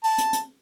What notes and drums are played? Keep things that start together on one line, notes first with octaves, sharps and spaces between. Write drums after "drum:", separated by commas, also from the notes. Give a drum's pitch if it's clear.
A5, drum: open hi-hat
drum: hi-hat
drum: hi-hat